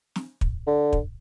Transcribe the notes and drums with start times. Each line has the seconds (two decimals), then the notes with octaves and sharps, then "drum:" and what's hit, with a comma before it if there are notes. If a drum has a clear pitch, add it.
0.16 drum: snare
0.41 drum: kick
0.67 D3
0.93 drum: kick